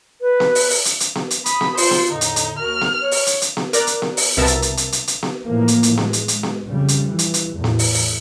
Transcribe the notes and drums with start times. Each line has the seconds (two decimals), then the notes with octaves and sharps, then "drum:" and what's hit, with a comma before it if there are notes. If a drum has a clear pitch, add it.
0.21 B4
0.40 drum: snare B3
0.55 drum: open hi-hat
0.70 drum: open hi-hat
0.85 drum: hi-hat
1.00 drum: hi-hat
1.15 drum: snare B3
1.31 drum: hi-hat
1.46 B5 D#6, drum: hi-hat
1.61 drum: snare B3
1.77 F4 C5, drum: open hi-hat
1.91 drum: snare B3
2.11 E2 A2 D3 D#4
2.21 drum: hi-hat
2.36 drum: hi-hat
2.58 D#2 F#4 A#4 F6
2.81 drum: snare B3
3.01 C#5
3.11 drum: open hi-hat
3.27 drum: hi-hat
3.42 drum: hi-hat
3.57 drum: snare B3
3.73 A#4 D5 F#6, drum: hi-hat
3.87 drum: hi-hat
4.02 drum: snare B3
4.17 drum: open hi-hat
4.37 C2 B2 B3 A#4 E5 A5
4.47 drum: hi-hat
4.62 drum: hi-hat
4.77 drum: hi-hat
4.92 drum: hi-hat
5.07 drum: hi-hat
5.23 drum: snare B3
5.44 A2 E3 F3 A#3
5.68 drum: hi-hat
5.83 drum: hi-hat
5.97 G#3, drum: snare B3
6.13 drum: hi-hat
6.28 drum: hi-hat
6.43 drum: snare B3
6.65 F2 C#3 G3
6.88 drum: hi-hat
7.09 E3
7.19 drum: hi-hat
7.34 drum: hi-hat
7.53 E2 A2
7.64 drum: snare B3
7.79 drum: open hi-hat
7.94 drum: open hi-hat